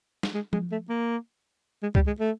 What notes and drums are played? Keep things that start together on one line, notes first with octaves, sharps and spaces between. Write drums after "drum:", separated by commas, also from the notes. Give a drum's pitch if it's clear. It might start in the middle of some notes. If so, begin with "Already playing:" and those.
drum: snare
G#3
G#3, drum: tom F3
A3
A#3
G#3
G3, drum: kick C#2
G#3
A3